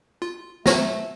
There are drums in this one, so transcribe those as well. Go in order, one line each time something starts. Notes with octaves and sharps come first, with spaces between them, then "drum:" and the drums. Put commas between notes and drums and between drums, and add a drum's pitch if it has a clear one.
F4
F#3 A3 A#6, drum: snare